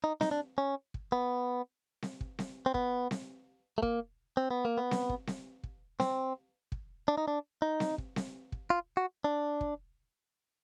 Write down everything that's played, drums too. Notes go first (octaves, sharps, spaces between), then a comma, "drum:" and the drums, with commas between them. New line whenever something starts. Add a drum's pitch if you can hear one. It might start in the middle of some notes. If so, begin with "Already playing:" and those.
D#4
D#4, drum: snare C4
D4
C#4
drum: kick
B3
drum: snare C4
drum: kick
drum: snare C4
C4
B3, drum: kick
drum: snare C4
A3
A#3, drum: kick
C4
B3
A#3
B3
drum: snare C4
drum: kick
drum: snare C4
drum: kick
C4, drum: snare C4
drum: kick
D4
D#4
D4
D#4
drum: snare C4
drum: kick
drum: snare C4
drum: kick
F4
F#4
D4
drum: kick